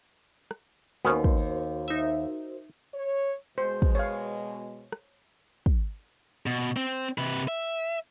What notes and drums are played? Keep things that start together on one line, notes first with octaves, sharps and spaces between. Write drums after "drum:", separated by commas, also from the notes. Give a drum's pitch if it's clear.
drum: rim click
D#2 B3 C#4 F#4 A#4 C5
drum: kick
D#4 E5
C#5
B2 G#3 C5
drum: kick
C#5 F5
drum: rim click
drum: kick
B2
C4
C3 B4
E5